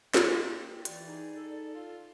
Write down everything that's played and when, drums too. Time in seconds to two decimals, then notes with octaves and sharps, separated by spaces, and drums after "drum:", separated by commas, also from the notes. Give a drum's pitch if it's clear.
0.14 A#3 G#5, drum: snare
0.40 G4
0.85 E3 D5, drum: hi-hat
1.07 D#4 G#4
1.36 A4
1.74 F4